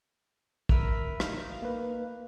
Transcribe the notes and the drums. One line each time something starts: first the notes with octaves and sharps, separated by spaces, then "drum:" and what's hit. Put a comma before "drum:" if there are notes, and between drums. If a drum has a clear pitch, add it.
A#4 B4 E5, drum: kick
D#4 F5, drum: rim click
A#3 B4